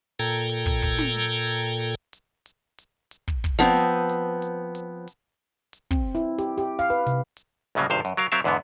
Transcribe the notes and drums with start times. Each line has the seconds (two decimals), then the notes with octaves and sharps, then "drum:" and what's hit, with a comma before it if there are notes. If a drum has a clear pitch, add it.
0.19 A#2 A4 G5 A#5 G#6
0.49 drum: hi-hat
0.66 drum: kick
0.82 drum: kick, hi-hat
0.98 drum: snare
1.15 drum: hi-hat
1.48 drum: hi-hat
1.80 drum: hi-hat
2.13 drum: hi-hat
2.46 drum: hi-hat
2.78 drum: hi-hat
3.11 drum: hi-hat
3.28 drum: kick
3.44 drum: kick, hi-hat
3.59 F3 B3 C4, drum: snare
3.77 drum: hi-hat
4.09 drum: hi-hat
4.42 drum: hi-hat
4.75 drum: hi-hat
5.08 drum: hi-hat
5.73 drum: hi-hat
5.91 C4, drum: kick
6.15 E4
6.38 G4, drum: hi-hat
6.58 G4
6.79 F5
6.90 B4
7.07 C3, drum: hi-hat
7.37 drum: hi-hat
7.75 C2 A2 C#3 F#3 A#3
7.90 G#1 G2 C3 C5 F5
8.05 F#2, drum: hi-hat
8.17 F#3 A#4 F5
8.32 F#3 C4 A#4 E5 F5
8.44 E2 G#2 D3 E3 B3